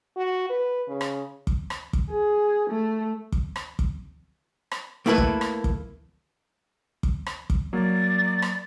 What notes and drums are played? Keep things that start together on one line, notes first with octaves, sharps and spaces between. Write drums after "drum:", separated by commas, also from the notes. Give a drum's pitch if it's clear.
F#4
B4
C#3
drum: rim click
drum: kick
drum: rim click
drum: kick
G#4
A3
drum: kick
drum: rim click
drum: kick
drum: rim click
A3 A#3 E4 A4 B4
drum: kick
drum: rim click
drum: kick
drum: kick
drum: rim click
drum: kick
F#3 A#3 D5
drum: rim click